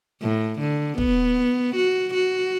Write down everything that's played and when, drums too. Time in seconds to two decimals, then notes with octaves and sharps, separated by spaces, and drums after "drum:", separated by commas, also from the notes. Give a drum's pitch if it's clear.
0.22 A2
0.59 D3
0.98 B3, drum: kick
1.75 F#4
2.14 F#4